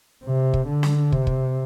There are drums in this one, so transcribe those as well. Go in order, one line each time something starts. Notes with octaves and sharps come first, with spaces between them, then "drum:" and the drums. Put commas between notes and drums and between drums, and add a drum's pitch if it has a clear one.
C3
drum: kick
D3
drum: snare
C3, drum: kick
drum: kick